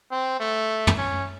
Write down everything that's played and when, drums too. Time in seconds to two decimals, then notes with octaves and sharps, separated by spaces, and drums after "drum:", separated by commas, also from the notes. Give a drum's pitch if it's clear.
0.11 C4
0.40 A3
0.87 drum: tom
0.97 C#4